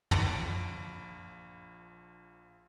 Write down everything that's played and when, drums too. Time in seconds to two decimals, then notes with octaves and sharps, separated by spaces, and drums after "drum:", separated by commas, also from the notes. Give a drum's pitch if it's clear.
0.11 A#1 F3 B5 A6 C#7 D7, drum: tom